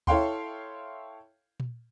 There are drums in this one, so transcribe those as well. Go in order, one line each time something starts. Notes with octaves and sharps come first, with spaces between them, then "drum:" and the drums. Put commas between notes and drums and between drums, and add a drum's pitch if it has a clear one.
E4 A4 C#5 F5 G5 C6, drum: kick D2
drum: tom A#2